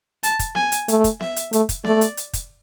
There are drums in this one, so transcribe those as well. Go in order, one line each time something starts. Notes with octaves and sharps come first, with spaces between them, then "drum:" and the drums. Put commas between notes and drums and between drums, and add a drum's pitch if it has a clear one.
A5, drum: hi-hat
drum: kick, hi-hat
G#5, drum: snare B3
drum: hi-hat
A3, drum: hi-hat
drum: kick, hi-hat
E5, drum: snare B3
drum: hi-hat
A3, drum: hi-hat
drum: kick, hi-hat
A3 D5, drum: snare B3
drum: hi-hat
drum: hi-hat
drum: kick, hi-hat